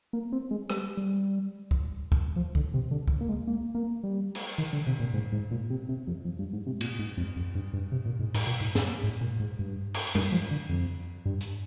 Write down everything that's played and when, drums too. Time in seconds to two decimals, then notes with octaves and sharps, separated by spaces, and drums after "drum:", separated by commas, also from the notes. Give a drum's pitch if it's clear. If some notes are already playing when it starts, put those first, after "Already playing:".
0.13 A#3
0.32 C4
0.51 G#3
0.70 G3, drum: rim click
0.97 G3
1.71 drum: kick C#2
2.12 drum: kick C#2
2.36 F3
2.55 D3, drum: kick C#2
2.74 C3
2.91 D3
3.08 drum: kick C#2
3.21 A#3
3.29 G#3
3.47 A#3
3.75 A#3
4.04 G3
4.35 drum: cymbal
4.58 D#3
4.73 D3
4.87 C3
5.00 A#2
5.14 G#2
5.32 G#2
5.51 A#2
5.70 C3
5.89 C3
6.07 F2
6.25 F2
6.39 G2
6.53 G#2
6.66 C3
6.81 A#2, drum: cymbal
6.99 G#2
7.17 F2
7.36 F2
7.55 G2
7.73 G2
7.92 C3
8.06 A#2
8.20 G#2
8.34 G#2, drum: cymbal
8.47 A#2
8.61 G#2
8.75 G2, drum: snare
9.04 G#2
9.21 A#2
9.40 G#2
9.59 G2
9.94 drum: cymbal
10.15 G2, drum: tom G3
10.32 F3
10.51 D3
10.69 F2
11.25 G2
11.41 drum: hi-hat